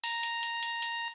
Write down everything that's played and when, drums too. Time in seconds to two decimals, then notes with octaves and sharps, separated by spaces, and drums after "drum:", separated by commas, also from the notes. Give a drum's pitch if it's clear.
0.04 A#5, drum: open hi-hat
0.23 drum: hi-hat
0.43 drum: hi-hat
0.63 drum: hi-hat
0.82 drum: hi-hat